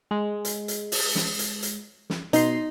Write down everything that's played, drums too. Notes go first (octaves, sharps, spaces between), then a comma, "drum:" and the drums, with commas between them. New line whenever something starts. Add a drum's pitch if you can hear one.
G#3
drum: hi-hat
drum: hi-hat
drum: open hi-hat
drum: snare
drum: hi-hat
drum: hi-hat
drum: snare
B2 D#4 C6, drum: hi-hat